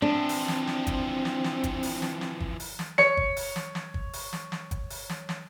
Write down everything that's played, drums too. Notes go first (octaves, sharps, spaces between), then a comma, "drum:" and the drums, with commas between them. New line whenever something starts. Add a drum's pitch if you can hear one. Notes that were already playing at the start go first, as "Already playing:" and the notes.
E3 F3 C4 D4
drum: open hi-hat
drum: snare
drum: snare
drum: kick, hi-hat
drum: snare
drum: snare
drum: kick, hi-hat
drum: open hi-hat
drum: snare
drum: snare
drum: kick
drum: open hi-hat
drum: snare
C#5 C#7, drum: snare
drum: kick
drum: open hi-hat
drum: snare
drum: snare
drum: kick
drum: open hi-hat
drum: snare
drum: snare
drum: kick, hi-hat
drum: open hi-hat
drum: snare
drum: snare